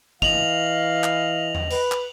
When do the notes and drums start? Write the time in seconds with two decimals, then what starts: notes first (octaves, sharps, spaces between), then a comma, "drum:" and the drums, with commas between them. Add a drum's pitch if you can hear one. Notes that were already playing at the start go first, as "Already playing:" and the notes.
0.22 E3 D#5 F5 F7 F#7, drum: kick
1.04 drum: clap
1.55 drum: tom E2
1.70 B4, drum: cymbal
1.92 drum: clap